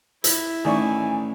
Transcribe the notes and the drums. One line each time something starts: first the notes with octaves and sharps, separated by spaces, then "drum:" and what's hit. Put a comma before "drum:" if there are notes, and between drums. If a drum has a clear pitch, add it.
E4, drum: hi-hat
A1 D#3 D5 G#5 C#6